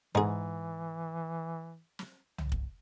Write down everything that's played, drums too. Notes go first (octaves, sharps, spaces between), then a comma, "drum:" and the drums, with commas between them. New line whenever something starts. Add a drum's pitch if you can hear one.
G#2 E3 D#4 G#4
drum: snare
drum: tom
drum: kick